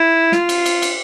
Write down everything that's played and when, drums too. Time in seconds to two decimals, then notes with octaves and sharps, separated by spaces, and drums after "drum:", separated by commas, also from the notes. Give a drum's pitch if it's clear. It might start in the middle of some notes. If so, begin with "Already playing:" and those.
Already playing: E4
0.32 F4, drum: snare
0.49 drum: cymbal
0.66 drum: cymbal
0.82 drum: cymbal